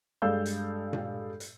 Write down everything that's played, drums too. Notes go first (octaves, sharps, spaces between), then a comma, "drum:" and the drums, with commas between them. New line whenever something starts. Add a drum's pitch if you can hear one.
G2 G#3 A4 F5 E6 G6
drum: hi-hat
drum: tom A#2
drum: hi-hat